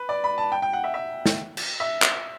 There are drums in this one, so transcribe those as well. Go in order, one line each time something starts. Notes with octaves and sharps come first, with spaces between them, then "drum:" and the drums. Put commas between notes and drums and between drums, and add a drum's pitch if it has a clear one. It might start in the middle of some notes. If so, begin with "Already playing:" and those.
Already playing: B4
D5
B5
A5
G5
G5
F#5
E5
E5
drum: snare
drum: cymbal
E5
drum: clap